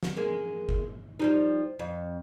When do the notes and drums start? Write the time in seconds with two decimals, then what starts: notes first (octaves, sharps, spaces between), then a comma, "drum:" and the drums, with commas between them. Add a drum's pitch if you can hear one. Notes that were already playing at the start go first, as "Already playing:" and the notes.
0.03 drum: snare
0.17 G#3 A#3
0.69 drum: kick G1
1.20 F3 G3 D#4
1.79 F2